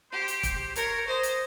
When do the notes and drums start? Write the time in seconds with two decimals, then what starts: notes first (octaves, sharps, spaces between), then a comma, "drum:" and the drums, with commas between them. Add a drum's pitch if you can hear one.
0.12 G4 C5
0.28 drum: hi-hat
0.43 C5, drum: kick E1, hi-hat
0.76 A#4 C#5, drum: hi-hat
1.07 C5 D#5
1.23 drum: hi-hat